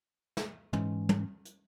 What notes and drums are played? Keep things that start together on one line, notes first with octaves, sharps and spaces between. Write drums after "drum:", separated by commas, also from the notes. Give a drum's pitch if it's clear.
drum: snare
G#2 E3 G#3 C#4, drum: tom
drum: tom
drum: hi-hat